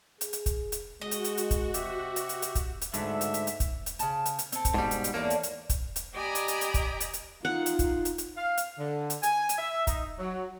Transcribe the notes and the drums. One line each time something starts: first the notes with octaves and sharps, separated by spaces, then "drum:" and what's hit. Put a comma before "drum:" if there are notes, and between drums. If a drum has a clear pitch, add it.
G#4, drum: hi-hat
drum: hi-hat
drum: kick, hi-hat
drum: hi-hat
G#3 F#4 D#5
drum: hi-hat
drum: hi-hat
drum: hi-hat
drum: kick, hi-hat
C3 G4 E5, drum: hi-hat
drum: hi-hat
drum: hi-hat
drum: hi-hat
drum: kick, hi-hat
drum: hi-hat
D2 G#2 D3 E5, drum: hi-hat
drum: hi-hat
drum: hi-hat
drum: hi-hat
drum: kick, hi-hat
drum: hi-hat
C#3 A5, drum: hi-hat
drum: hi-hat
drum: hi-hat
C4 A4, drum: hi-hat
drum: kick, hi-hat
G#2 B2 G3
drum: hi-hat
drum: hi-hat
E2 A#3 A4 C#5 D5
drum: hi-hat
drum: hi-hat
drum: kick, hi-hat
drum: hi-hat
G4 D5 D#5 G#5 A#5 B5
drum: hi-hat
drum: hi-hat
drum: hi-hat
drum: kick, hi-hat
drum: hi-hat
drum: hi-hat
D#4 F4 F#5
drum: hi-hat
drum: kick, hi-hat
drum: hi-hat
drum: hi-hat
F5
drum: hi-hat
D3
drum: hi-hat
G#5, drum: hi-hat
drum: hi-hat
E5
D#4, drum: kick, hi-hat
F#3